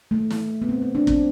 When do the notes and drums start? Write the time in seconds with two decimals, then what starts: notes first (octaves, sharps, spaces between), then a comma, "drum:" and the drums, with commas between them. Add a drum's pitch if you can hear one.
0.11 A3
0.30 drum: snare
0.62 B3
0.69 C4
0.82 C4
0.95 D4
1.07 C4, drum: kick